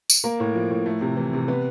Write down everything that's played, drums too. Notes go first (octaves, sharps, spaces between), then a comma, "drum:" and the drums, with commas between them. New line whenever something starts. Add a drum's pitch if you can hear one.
drum: tambourine
A#3 A#4
A2
F3
A2
A3
C3
E3
C3
B3 B4